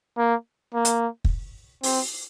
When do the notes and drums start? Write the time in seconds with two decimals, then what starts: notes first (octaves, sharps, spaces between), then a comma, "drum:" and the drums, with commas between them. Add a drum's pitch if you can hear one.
0.18 A#3
0.74 A#3
0.85 drum: hi-hat
1.25 drum: kick
1.83 C4, drum: open hi-hat